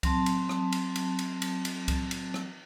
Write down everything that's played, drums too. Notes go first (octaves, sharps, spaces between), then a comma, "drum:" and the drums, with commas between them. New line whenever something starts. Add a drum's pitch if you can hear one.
F#3 C4 A5, drum: kick C2, cymbal
drum: cymbal
drum: rim click
drum: cymbal
drum: cymbal
drum: cymbal
drum: cymbal
drum: cymbal
drum: kick C2, cymbal
drum: cymbal
drum: rim click